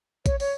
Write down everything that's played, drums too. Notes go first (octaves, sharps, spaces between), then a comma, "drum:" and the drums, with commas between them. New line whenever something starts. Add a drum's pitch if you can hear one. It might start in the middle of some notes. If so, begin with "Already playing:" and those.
C#5, drum: kick, hi-hat
C#5, drum: open hi-hat